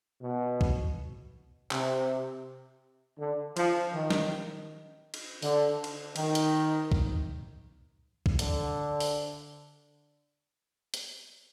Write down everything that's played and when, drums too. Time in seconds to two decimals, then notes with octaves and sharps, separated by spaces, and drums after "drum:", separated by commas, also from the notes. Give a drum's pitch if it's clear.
0.22 B2
0.61 drum: kick B1
1.72 C3, drum: clap
3.19 D3
3.57 F3, drum: cymbal
3.93 D#3
4.11 drum: snare
5.14 drum: cymbal
5.42 D3, drum: open hi-hat
5.84 drum: cymbal
6.16 D#3, drum: cymbal
6.35 drum: hi-hat
6.92 drum: kick B1
8.26 drum: kick B1
8.39 D3, drum: hi-hat
9.00 drum: open hi-hat
10.94 drum: hi-hat